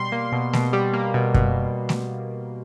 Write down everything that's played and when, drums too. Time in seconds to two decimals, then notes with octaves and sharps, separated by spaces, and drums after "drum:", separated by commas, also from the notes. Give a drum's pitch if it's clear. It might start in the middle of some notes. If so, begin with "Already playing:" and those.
Already playing: B2 G3 C6
0.12 A#3
0.32 B2
0.53 B2, drum: snare A3
0.73 G3
0.93 A#3
1.14 B2
1.34 B2, drum: kick F#2
1.89 drum: snare A3